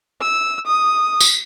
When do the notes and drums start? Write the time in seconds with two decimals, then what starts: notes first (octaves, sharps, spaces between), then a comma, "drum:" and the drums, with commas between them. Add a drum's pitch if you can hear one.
0.21 E6
0.67 D#6
1.20 drum: tambourine